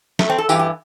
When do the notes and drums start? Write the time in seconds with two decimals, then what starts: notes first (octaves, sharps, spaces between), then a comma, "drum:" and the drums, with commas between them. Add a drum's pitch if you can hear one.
0.19 A3, drum: snare
0.29 C4
0.38 A4
0.49 G2 E3 G4, drum: tambourine
0.59 G4